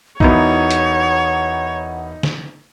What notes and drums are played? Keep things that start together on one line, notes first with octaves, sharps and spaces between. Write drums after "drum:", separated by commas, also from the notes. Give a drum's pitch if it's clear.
E1 B3 D#4 E4 C#5 F#5, drum: kick
drum: hi-hat
drum: snare